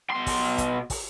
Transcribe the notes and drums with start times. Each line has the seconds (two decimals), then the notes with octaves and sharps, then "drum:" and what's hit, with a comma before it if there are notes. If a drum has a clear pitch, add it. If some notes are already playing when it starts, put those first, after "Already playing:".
0.11 B2 C6
0.26 drum: kick, open hi-hat
0.58 drum: kick, hi-hat
0.90 drum: kick, open hi-hat